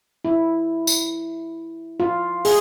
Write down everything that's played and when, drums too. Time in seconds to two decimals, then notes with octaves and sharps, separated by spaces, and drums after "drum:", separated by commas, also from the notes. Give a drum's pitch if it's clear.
0.25 E4
0.87 drum: tambourine
2.00 F4
2.45 G#4, drum: open hi-hat